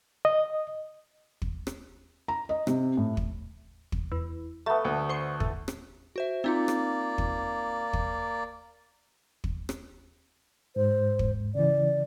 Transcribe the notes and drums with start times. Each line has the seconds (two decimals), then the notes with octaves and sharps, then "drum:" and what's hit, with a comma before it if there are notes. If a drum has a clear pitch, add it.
0.25 D#5
1.42 drum: kick
1.67 drum: rim click
2.28 A#5
2.49 D#5
2.67 C3, drum: rim click
2.97 A2
3.17 drum: kick
3.92 drum: kick
4.12 E2
4.66 A3 B3 E5 F5 A5 A#5
4.85 D2
5.09 C5 C#6
5.40 A2, drum: kick
5.68 drum: rim click
6.16 F#4 C5 E5
6.44 A#3 C4 D#4 F4 D5
6.68 drum: rim click
7.18 drum: kick
7.93 drum: kick
9.44 drum: kick
9.69 drum: rim click
10.76 G#2 C5
11.19 drum: kick
11.55 C#3 E3 D5